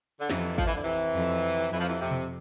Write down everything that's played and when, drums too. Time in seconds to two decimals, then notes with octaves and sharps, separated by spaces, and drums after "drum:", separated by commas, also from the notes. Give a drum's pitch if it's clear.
0.20 D3
0.30 F2 C3 E3, drum: snare
0.58 F3, drum: kick G#1
0.66 E3
0.75 D3
0.83 C3 E3
1.15 F2
1.34 drum: hi-hat
1.72 F2 E3
1.80 F3
1.88 C3 E3
2.01 C3
2.11 drum: tom B2